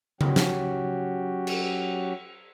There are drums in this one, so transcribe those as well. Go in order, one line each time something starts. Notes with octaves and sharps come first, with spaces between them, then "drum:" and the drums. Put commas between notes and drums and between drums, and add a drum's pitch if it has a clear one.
F#3 C#4 F#4 G4, drum: tom C#3
drum: snare
drum: cymbal